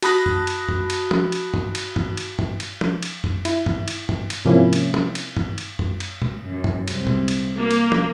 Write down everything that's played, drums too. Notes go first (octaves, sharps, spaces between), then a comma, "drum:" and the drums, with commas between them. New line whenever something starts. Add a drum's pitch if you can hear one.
F#4 A5 B5 D#6 F#6 A#6, drum: cymbal
drum: tom F#2
drum: cymbal
drum: tom F#2
drum: cymbal
drum: tom
drum: cymbal
drum: tom G2
drum: cymbal
drum: tom G2
drum: cymbal
drum: tom G2
drum: cymbal
drum: tom
drum: cymbal
drum: tom F#2
E4, drum: cymbal
drum: tom G2
drum: cymbal
drum: tom G2
drum: cymbal
G#2 C3 F3 A#3 C#4 E4
drum: cymbal
drum: tom
drum: cymbal
drum: tom G2
drum: cymbal
drum: tom F#2
drum: cymbal
drum: tom A#2
F#2
drum: tom G2
C2, drum: cymbal
drum: tom A#2
drum: cymbal
A#3
drum: cymbal
drum: tom